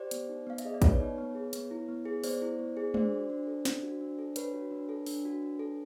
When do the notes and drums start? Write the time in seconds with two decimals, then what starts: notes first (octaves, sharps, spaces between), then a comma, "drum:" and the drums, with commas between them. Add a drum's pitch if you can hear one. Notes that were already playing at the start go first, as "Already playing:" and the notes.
Already playing: G4 C5 D5
0.11 B3, drum: hi-hat
0.29 D#4
0.47 B3 F5
0.58 E5, drum: hi-hat
0.65 G#4 D#5
0.74 D5
0.82 B3 B4 C#5, drum: kick A#1, hi-hat
1.00 D#4
1.18 B3
1.35 G#4
1.53 B3, drum: hi-hat
1.71 E4
1.88 B3
2.05 G#4
2.24 B3 C5 D5, drum: open hi-hat
2.42 E4
2.59 B3
2.77 G#4
2.94 D4 C5 D5, drum: tom G#3
3.12 F#4
3.30 D4
3.47 A4
3.65 D4, drum: snare
3.83 F#4
4.01 D4
4.19 A4
4.36 D4 B4 C#5, drum: hi-hat
4.54 F#4
4.71 D4
4.89 A4
5.06 D4, drum: open hi-hat
5.25 F#4
5.43 D4
5.59 A4